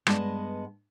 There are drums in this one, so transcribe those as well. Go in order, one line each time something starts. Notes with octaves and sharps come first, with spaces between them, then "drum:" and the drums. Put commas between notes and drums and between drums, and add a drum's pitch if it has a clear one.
G2 G#3 B3 D#5 A5, drum: rim click